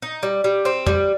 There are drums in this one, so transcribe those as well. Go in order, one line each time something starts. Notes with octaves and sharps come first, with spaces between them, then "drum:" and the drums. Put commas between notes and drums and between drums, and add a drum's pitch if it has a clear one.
D#4
G3
G3
C4
G3, drum: tom